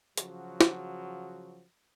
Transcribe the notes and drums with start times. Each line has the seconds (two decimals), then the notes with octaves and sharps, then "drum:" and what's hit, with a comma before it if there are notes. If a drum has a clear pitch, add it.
0.17 C#3 F3 F#3 F#4, drum: hi-hat
0.61 drum: snare